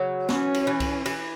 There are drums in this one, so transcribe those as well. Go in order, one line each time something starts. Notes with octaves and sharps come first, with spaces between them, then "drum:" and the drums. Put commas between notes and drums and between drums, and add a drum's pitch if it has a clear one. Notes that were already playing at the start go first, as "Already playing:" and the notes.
Already playing: C#3 F#3
E3 C#4, drum: snare
drum: cymbal
E3
drum: kick C2, cymbal
E3, drum: cymbal